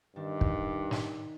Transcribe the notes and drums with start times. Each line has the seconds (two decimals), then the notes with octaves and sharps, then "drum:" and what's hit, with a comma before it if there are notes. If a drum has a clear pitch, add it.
0.16 G2 D#3 D4
0.41 drum: kick
0.91 drum: snare